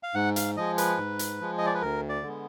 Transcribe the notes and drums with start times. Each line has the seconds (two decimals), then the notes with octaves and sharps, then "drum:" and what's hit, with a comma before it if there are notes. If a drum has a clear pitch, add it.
0.03 F5
0.15 G#2 F#5
0.36 F5, drum: hi-hat
0.57 F3 G#3 D#5
0.78 B4, drum: hi-hat
0.98 G#2
1.19 drum: hi-hat
1.41 F3 G#3
1.58 D#5
1.66 D5
1.74 B4
1.81 D2 A#4
2.09 D5
2.23 D3 G#3 B3